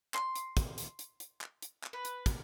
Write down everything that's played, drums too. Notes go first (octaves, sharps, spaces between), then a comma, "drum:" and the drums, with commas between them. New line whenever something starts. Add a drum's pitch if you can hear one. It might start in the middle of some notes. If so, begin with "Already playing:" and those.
C6, drum: clap
drum: hi-hat
drum: kick, hi-hat
drum: hi-hat
drum: hi-hat
drum: hi-hat
drum: clap
drum: hi-hat
drum: clap
B4
drum: hi-hat
drum: kick, hi-hat